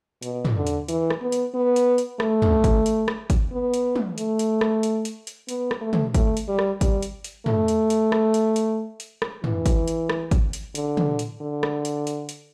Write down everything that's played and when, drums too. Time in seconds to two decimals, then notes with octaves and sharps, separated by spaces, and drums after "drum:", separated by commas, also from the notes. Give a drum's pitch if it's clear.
0.23 B2, drum: hi-hat
0.45 drum: tom
0.56 D3
0.67 drum: hi-hat
0.88 E3, drum: hi-hat
1.10 drum: rim click
1.21 B3
1.32 drum: hi-hat
1.54 B3
1.76 drum: hi-hat
1.98 drum: hi-hat
2.20 A3, drum: rim click
2.42 drum: tom
2.64 drum: kick G#1, hi-hat
2.86 drum: hi-hat
3.08 drum: rim click
3.30 drum: kick G#1, hi-hat
3.52 B3
3.74 drum: hi-hat
3.96 drum: tom
4.18 A3, drum: hi-hat
4.39 drum: hi-hat
4.61 drum: rim click
4.83 drum: hi-hat
5.05 drum: hi-hat
5.27 drum: hi-hat
5.49 B3, drum: hi-hat
5.71 drum: rim click
5.81 A3
5.93 drum: tom
6.15 A3, drum: kick G#1, hi-hat
6.37 drum: hi-hat
6.48 G3
6.59 drum: rim click
6.81 G3, drum: kick G#1, hi-hat
7.03 drum: hi-hat
7.24 drum: hi-hat
7.46 A3, drum: tom
7.68 drum: hi-hat
7.90 drum: hi-hat
8.12 drum: rim click
8.34 drum: hi-hat
8.56 drum: hi-hat
9.00 drum: hi-hat
9.22 drum: rim click
9.44 E3, drum: tom
9.66 drum: kick G#1, hi-hat
9.88 drum: hi-hat
10.09 drum: rim click
10.31 drum: kick G#1, hi-hat
10.53 drum: hi-hat
10.75 D3, drum: hi-hat
10.97 drum: tom
11.19 drum: hi-hat
11.41 D3
11.63 drum: rim click
11.85 drum: hi-hat
12.07 drum: hi-hat
12.29 drum: hi-hat